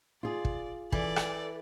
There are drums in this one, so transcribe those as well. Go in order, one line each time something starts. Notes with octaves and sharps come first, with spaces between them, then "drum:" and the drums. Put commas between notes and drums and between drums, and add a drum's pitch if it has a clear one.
F4 G#4 D5
drum: kick
E3 A4 D5, drum: kick
drum: rim click